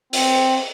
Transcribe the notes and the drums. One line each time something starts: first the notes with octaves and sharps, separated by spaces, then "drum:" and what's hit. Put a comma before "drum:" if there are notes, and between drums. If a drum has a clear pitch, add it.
C4, drum: open hi-hat